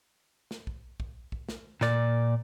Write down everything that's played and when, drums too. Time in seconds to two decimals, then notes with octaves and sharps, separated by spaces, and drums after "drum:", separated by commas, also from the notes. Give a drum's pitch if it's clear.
0.51 drum: snare
0.67 drum: kick
1.00 drum: kick
1.32 drum: kick
1.49 drum: snare
1.81 A#2 D5, drum: snare